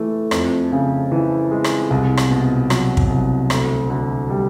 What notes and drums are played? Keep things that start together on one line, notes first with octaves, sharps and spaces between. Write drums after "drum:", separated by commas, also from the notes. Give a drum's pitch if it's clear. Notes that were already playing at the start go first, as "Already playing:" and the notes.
Already playing: E3 A3
F2, drum: rim click
C#3
E3
G#3
drum: rim click
C2
drum: rim click
B2
F#3, drum: rim click
drum: kick
C2
D2, drum: rim click
D3
G3